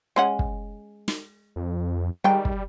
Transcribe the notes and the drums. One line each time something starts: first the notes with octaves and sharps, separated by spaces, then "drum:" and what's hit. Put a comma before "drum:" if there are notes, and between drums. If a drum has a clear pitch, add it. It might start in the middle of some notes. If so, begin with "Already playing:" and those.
G#3 C#4 F#5
drum: kick
drum: snare
F2
D#3 G3 G#3 G5
drum: kick